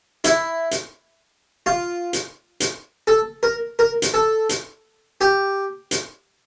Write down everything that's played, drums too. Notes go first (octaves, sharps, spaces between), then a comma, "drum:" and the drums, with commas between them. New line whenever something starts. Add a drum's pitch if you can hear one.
E4, drum: hi-hat
drum: hi-hat
F4
drum: hi-hat
drum: hi-hat
A4
A#4
A#4
drum: hi-hat
A4
drum: hi-hat
G4
drum: hi-hat